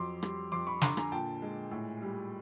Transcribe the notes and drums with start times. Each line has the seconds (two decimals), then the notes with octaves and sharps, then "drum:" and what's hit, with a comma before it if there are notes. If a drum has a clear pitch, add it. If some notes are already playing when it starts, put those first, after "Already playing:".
Already playing: F2 F#3 C6 D6
0.23 G3, drum: rim click
0.52 F2 C6 D6
0.67 B5 C#6
0.81 D3 A#5 C6, drum: snare
0.97 G#5 A#5, drum: rim click
1.12 A#2 G5 A5
1.42 G#3
1.71 A2
2.02 G3